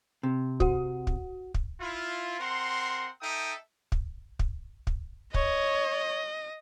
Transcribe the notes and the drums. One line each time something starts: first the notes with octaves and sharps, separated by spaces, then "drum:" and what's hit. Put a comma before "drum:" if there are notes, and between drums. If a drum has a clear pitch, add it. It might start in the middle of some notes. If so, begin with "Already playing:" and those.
C3
F#4 F#5, drum: kick
drum: kick
drum: kick
E4 F4
C4 A#4 F#5 C6
D#4 A4 E5 G5 D#6
drum: kick
drum: kick
drum: kick
C#5 D#5, drum: kick